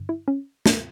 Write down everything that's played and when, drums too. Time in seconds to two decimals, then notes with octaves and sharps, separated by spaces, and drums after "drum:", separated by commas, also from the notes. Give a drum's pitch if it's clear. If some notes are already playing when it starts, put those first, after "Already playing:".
Already playing: G2 D3
0.09 E4
0.28 C#4
0.66 D4, drum: snare